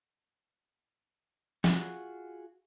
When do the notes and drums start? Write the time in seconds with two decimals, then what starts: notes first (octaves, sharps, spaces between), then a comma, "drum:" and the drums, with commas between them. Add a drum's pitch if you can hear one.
1.64 F4 F#4 G#4 F#5 C#6, drum: snare